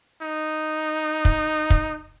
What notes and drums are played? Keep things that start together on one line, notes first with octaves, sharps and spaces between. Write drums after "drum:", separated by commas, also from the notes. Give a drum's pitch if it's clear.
D#4
drum: kick
drum: kick